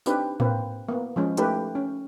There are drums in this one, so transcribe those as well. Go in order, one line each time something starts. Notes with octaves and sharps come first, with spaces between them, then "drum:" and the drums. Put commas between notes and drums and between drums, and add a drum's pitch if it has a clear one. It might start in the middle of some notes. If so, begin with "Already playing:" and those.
C4 D4 D#4 G4 B4, drum: tambourine
A#3 C4 B4, drum: tom A2
A#3 B3
F3 G#3 C#4
A3 D#4 G4 A#4 B4, drum: hi-hat
C#4